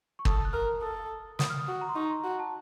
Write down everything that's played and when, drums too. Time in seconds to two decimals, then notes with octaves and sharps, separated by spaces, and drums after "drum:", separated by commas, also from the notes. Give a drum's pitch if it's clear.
0.19 C#6
0.25 A4 D#6, drum: kick
0.45 F#6
0.53 A#4 F6
0.81 A4 D#6
1.39 D#6, drum: snare
1.50 F6
1.60 D#6
1.68 F#4
1.81 A#5
1.89 C6
1.95 D#4 C#6
2.05 A#5
2.10 C6
2.24 F#4
2.39 A5